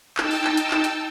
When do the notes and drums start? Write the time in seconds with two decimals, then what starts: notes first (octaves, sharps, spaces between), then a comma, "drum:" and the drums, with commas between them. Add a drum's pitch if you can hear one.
0.18 D#4 G5 A5 E6, drum: clap
0.31 drum: open hi-hat
0.44 drum: clap
0.57 drum: hi-hat
0.71 drum: clap
0.84 drum: hi-hat